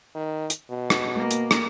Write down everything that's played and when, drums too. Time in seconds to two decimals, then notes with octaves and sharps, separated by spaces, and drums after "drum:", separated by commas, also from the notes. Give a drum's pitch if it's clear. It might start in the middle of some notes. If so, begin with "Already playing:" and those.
0.15 D#3
0.50 drum: hi-hat
0.70 B2
0.90 drum: rim click
1.15 A#3
1.31 drum: hi-hat
1.51 drum: rim click